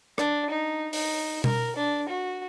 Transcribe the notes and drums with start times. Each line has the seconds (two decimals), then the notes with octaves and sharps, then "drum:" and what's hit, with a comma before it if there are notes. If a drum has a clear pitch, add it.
0.18 D4, drum: rim click
0.50 D#4
0.93 D#4, drum: open hi-hat
1.44 A#4, drum: tom B2
1.76 D4
2.09 F#4